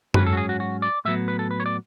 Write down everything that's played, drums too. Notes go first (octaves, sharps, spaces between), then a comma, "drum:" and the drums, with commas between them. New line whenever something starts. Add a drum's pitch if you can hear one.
G#2 F#3 C#4 B4, drum: tom F#2
A4
F#4
G#4
F#4
F#4
D5
A2 F#3 B3 E5
B4
A4
B4
C#5
D5